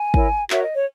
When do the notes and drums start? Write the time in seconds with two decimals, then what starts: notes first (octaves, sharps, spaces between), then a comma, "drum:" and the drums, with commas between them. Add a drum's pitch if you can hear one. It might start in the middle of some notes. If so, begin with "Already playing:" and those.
Already playing: G#5
0.14 E4 A#4 C#5, drum: kick
0.50 F#4 A#4 C#5 E5, drum: clap
0.63 D#5
0.74 C#5